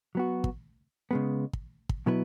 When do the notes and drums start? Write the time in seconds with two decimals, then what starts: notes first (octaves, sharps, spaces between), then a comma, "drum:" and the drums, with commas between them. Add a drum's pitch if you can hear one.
0.15 F#3 B3 F#4
0.44 drum: kick
1.11 C#3 G#3 B3
1.53 drum: kick
1.89 drum: kick
2.06 B2 F#3 B3 E4 B4